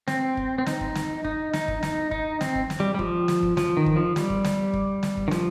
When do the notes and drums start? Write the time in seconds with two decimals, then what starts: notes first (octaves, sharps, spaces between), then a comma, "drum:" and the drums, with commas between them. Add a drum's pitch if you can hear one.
0.08 C4, drum: snare
0.37 drum: kick
0.58 C4
0.66 D#4, drum: snare
0.81 drum: kick
0.95 drum: snare
1.25 D#4, drum: kick
1.53 D#4, drum: snare
1.68 drum: kick
1.83 D#4, drum: snare
2.11 D#4, drum: kick
2.41 C4, drum: snare
2.55 drum: kick
2.70 drum: snare
2.80 G3
2.95 G3
2.99 F3, drum: kick
3.28 drum: snare
3.43 drum: kick
3.57 F3, drum: snare
3.77 D#3
3.86 drum: kick
3.96 F3
4.16 G3, drum: snare
4.30 drum: kick
4.44 drum: snare
4.74 drum: kick
5.03 drum: snare
5.17 drum: kick
5.28 D#3
5.31 F3, drum: snare